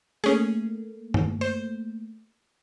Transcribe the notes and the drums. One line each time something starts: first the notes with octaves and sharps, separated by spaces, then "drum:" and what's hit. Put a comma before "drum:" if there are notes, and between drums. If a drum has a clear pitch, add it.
A3 A#3 C#4 G#4
drum: tom G2
C5